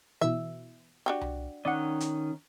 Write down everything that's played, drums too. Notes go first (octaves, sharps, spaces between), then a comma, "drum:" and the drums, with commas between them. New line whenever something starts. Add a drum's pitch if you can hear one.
B2 E3 E5
D4 F#4 G4
drum: tom C2
D#3 C#4 D5 D#5 F#5
drum: hi-hat